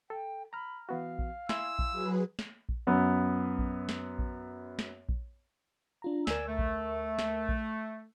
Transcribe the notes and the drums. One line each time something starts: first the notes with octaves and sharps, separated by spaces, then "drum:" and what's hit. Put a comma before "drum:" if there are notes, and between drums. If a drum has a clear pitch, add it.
A4 G5
A#5 B5 F6
E3 B3 F#4 F5
drum: kick A#1
E4 G#5 C6 E6, drum: snare
drum: kick A#1
F#3 G#4 B4
drum: snare
drum: kick A#1
F#2 B3
drum: kick A#1
drum: snare
drum: kick A#1
drum: snare
drum: kick A#1
D4 F4 A#5
D2 A#4 D5 G#5 E6, drum: snare
A3
drum: kick A#1
drum: snare
drum: kick A#1